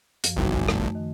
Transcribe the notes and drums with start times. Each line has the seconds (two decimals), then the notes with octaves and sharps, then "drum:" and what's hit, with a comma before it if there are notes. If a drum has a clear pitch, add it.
0.24 F#2 F3, drum: hi-hat
0.37 G1 C2 D#4 F#4
0.53 G#5
0.68 A3, drum: rim click
0.95 D#3